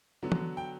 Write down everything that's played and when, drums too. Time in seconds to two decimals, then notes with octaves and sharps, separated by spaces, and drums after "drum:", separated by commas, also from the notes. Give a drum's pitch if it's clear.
0.23 D3 F#3 B3
0.32 drum: tom
0.57 G5